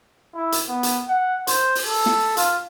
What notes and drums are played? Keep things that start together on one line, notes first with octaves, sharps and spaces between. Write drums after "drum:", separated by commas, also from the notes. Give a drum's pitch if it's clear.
E4
drum: hi-hat
B3
drum: hi-hat
F#5
C5, drum: hi-hat
drum: open hi-hat
A4
drum: snare
F4, drum: hi-hat